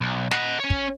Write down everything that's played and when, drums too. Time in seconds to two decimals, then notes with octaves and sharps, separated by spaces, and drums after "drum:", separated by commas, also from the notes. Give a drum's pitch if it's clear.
0.01 B1
0.31 D#5 F#5, drum: snare
0.59 C#4 C#5
0.70 drum: kick